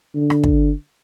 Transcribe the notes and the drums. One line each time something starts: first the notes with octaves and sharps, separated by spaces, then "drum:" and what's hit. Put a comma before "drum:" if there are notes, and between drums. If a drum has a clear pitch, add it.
D3
drum: rim click
drum: kick